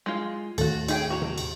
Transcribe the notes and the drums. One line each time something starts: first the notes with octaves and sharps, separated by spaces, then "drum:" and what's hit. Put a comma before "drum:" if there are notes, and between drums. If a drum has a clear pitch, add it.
G#3 F4
D#2 A2 F#4 A4, drum: cymbal
D#4 G#4 G5, drum: cymbal
F#4 A#5
drum: tom C3
drum: cymbal